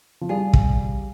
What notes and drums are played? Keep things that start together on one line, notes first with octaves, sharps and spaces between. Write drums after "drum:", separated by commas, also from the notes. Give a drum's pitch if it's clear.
F3
G3 G#4 D5 F5 G#5
drum: kick